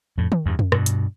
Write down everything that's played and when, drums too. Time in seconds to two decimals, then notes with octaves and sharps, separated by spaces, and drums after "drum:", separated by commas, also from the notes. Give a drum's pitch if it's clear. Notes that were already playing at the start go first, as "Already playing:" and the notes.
0.18 F2 A2
0.32 drum: tom
0.46 E2 G2
0.59 drum: tom F2
0.72 G2 B2, drum: rim click
0.86 drum: hi-hat